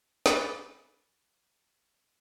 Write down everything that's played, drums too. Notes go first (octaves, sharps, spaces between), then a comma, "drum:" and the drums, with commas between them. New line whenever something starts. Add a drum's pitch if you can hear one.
G#5 B5 D6 F#6 A6, drum: snare